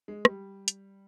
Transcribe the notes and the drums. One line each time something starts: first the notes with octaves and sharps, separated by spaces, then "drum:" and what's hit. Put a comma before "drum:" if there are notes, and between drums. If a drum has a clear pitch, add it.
G#3
G3, drum: rim click
drum: hi-hat